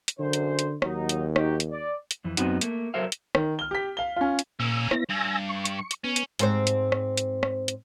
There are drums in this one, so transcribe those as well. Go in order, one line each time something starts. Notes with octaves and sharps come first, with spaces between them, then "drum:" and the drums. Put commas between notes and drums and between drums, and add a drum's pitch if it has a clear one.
drum: hi-hat
F#2 D3 C5
drum: hi-hat
drum: hi-hat
D#2 F#3 D#4, drum: rim click
drum: hi-hat
D#4 F#4 G4, drum: rim click
drum: hi-hat
D5
drum: hi-hat
F2 E3
F#2 B3 C4 D#4 F#4, drum: hi-hat
A3 A#3, drum: hi-hat
F#3 A4 A#4 C5 E5 F5
drum: hi-hat
D#3, drum: rim click
F6 G7
G4 B6
F5 G7
C#4 F4
drum: hi-hat
A#2 A#3 C#4 E6
B3 E4 A#6, drum: rim click
G2 G#5 E6 A#6
C#6
drum: hi-hat
drum: hi-hat
B3 C#4
drum: hi-hat
G#2 C4 C5, drum: hi-hat
drum: hi-hat
drum: rim click
drum: hi-hat
drum: rim click
drum: hi-hat